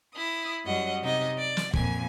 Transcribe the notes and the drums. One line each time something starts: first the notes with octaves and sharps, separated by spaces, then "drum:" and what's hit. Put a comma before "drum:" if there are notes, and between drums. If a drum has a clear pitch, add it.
E4 D#6
F#2 F#3 G3 D#5 F#5
C3 D#4 D#5
D5
drum: snare
F2 A#2 G#5, drum: kick